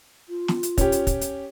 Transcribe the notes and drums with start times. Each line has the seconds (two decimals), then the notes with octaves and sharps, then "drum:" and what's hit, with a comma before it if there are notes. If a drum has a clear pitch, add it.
0.29 F4
0.48 drum: snare
0.63 drum: hi-hat
0.78 C#4 G4, drum: kick, hi-hat
0.92 drum: hi-hat
1.07 drum: kick, hi-hat
1.21 drum: hi-hat